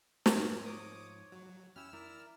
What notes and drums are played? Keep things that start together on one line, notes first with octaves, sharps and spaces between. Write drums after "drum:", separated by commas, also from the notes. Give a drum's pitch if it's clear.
drum: snare
G#2 F3 C#5 A#5
C#5 D6 D#6
F#3
C#4 E4 G4 E6 F6
E4 A#4 D5